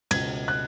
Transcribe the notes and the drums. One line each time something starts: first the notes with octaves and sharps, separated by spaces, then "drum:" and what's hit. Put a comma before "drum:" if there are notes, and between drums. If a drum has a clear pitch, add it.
C#2 B2 G#6, drum: cymbal
F#6